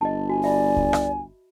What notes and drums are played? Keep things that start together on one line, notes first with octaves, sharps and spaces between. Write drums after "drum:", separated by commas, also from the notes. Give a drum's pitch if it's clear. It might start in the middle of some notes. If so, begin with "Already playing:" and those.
G1 D#5 A5
F#4 G#5
D5 E5 B5
drum: kick C#2
drum: rim click